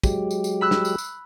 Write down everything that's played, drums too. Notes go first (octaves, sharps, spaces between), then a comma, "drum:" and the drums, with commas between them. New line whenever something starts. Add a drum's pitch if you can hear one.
F#3 G#3 G4, drum: kick, tambourine
drum: tambourine
drum: tambourine
B5 E6 F#6
drum: snare
drum: tambourine
drum: tambourine